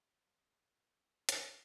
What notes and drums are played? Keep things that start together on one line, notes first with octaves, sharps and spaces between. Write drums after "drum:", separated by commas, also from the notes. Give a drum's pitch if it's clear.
F4
G#3
C#4
B3 F4
drum: hi-hat